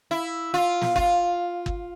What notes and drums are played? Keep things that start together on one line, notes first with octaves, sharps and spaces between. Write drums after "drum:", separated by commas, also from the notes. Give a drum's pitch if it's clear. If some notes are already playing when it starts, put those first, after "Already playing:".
E4
F4
drum: snare
F4, drum: kick
drum: kick